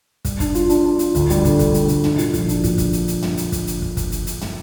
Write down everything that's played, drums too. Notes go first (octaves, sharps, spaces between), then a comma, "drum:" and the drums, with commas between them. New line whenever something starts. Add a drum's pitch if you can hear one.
G3, drum: kick, hi-hat
D4, drum: kick, hi-hat
F4, drum: hi-hat
D4, drum: hi-hat
D4
F4, drum: hi-hat
D2, drum: kick, hi-hat
G3, drum: hi-hat
D3, drum: kick, hi-hat
D3, drum: kick, hi-hat
G3, drum: hi-hat
D3, drum: hi-hat
D4, drum: tom
A#2, drum: hi-hat
A#1, drum: kick, hi-hat
D4, drum: hi-hat
A#2, drum: kick, hi-hat
drum: kick, hi-hat
drum: hi-hat
drum: hi-hat
drum: tom
drum: hi-hat
drum: kick, hi-hat
drum: hi-hat
drum: kick
drum: kick, hi-hat
drum: hi-hat
drum: hi-hat
drum: tom